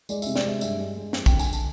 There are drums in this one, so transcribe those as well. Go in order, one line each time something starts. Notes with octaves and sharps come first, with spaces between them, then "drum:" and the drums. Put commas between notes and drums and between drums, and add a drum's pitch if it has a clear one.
G#3 D5, drum: tambourine
E5, drum: tambourine
C3
D5, drum: snare
G#3 E5
G2 E5, drum: tambourine
G#3
G#3
F2, drum: snare
G5, drum: kick, tambourine
D3
G#5, drum: tambourine
A5, drum: tambourine